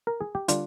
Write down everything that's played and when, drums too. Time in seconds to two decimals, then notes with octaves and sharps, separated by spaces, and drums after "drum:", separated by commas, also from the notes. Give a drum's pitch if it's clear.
0.07 A#4
0.21 G#4
0.35 G4
0.48 D3 G3 D4 F4, drum: hi-hat